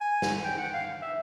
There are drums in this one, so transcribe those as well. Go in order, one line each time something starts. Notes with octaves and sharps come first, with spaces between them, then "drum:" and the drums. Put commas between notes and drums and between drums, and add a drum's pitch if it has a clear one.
G#5
drum: snare
G5
F#5
F5
E5